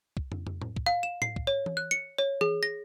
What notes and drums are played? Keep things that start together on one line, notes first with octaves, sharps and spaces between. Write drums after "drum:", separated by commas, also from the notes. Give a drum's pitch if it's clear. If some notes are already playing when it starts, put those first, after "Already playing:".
drum: kick
drum: tom
drum: tom
drum: tom A2
drum: kick
F5
E7
C7, drum: tom A2
drum: kick
C#5
drum: tom E3
F#6
C#7
C#5
G#4, drum: tom E3
A#6